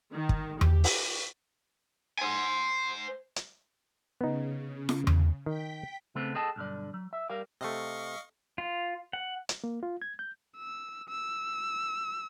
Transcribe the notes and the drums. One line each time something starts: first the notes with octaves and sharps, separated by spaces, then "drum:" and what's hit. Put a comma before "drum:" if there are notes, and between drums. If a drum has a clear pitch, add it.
D#3
drum: kick
G4, drum: tom E2
drum: open hi-hat
C5 G#5
drum: hi-hat
C#3 B3 D#4
drum: snare
drum: tom E2
D#3 G5 B6
C#3 A3 B3 C4 A4
G#4 A4 D#5 G5 A5
B1 G2 D3 D5
F#3
E5
G3 A#4 F5
C3 A3 D#5 F5 C#6
F4
F#5
drum: hi-hat
A#3
F4
G#6
G6
E6
E6